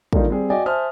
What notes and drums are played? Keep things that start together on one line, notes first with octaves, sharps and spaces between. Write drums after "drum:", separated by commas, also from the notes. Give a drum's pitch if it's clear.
D3 D#3 G3 A#3 D#4 F4, drum: kick
G3 C4 G#4
F#4 D5 D#5 G5 G#5
C5 E5 G#5 A5 D#6 F6